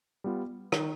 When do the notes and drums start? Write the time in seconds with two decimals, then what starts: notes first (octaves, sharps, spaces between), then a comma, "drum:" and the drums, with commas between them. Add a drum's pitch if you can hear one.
0.24 G3 B3 F4
0.72 D#3, drum: rim click